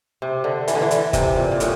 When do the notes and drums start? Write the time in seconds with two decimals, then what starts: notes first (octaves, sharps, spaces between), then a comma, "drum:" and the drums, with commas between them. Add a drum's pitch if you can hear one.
0.22 C3
0.44 D3
0.68 E3, drum: hi-hat
0.75 D3
0.82 E3
0.91 drum: hi-hat
1.13 C3, drum: kick, hi-hat
1.36 A#2
1.52 A#2
1.60 A2, drum: hi-hat